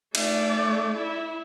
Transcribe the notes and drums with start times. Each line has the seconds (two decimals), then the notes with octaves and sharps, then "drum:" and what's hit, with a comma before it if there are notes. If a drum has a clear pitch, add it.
0.15 A3 D5, drum: cymbal
0.97 E4